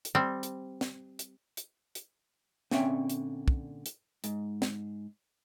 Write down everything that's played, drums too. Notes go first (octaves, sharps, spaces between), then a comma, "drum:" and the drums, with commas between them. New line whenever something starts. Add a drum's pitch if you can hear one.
drum: hi-hat
G3 C4
drum: hi-hat
drum: snare
drum: hi-hat
drum: hi-hat
drum: hi-hat
A#2 D3 C4 C#4 E5 G5, drum: snare
drum: hi-hat
drum: kick
drum: hi-hat
G#2, drum: hi-hat
drum: snare